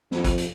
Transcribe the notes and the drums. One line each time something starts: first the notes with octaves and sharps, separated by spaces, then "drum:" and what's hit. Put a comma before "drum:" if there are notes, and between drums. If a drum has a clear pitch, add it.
F2, drum: snare
drum: kick, hi-hat
drum: hi-hat